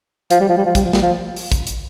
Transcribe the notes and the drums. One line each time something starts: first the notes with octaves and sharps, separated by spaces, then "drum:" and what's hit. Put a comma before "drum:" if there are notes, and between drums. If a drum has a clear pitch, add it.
F3, drum: hi-hat
G3
F3
G3
F3
G3, drum: kick, hi-hat
F3
G3, drum: snare
F3
drum: open hi-hat
drum: kick, hi-hat
drum: hi-hat